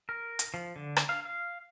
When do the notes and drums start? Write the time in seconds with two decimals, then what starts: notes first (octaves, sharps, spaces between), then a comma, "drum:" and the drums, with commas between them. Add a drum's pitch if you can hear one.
0.09 A#4
0.39 drum: hi-hat
0.54 F3
0.76 D3
0.96 drum: rim click
1.09 F5
1.25 F5